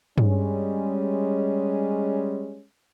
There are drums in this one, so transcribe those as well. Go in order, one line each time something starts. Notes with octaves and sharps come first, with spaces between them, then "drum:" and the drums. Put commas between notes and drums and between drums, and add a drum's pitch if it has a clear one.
G3 G#3 C#4, drum: tom G2